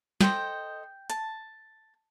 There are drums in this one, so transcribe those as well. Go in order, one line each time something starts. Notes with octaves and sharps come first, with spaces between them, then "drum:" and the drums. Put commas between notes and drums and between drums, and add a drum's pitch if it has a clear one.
A4 C5 D#5 G5, drum: snare
A5, drum: hi-hat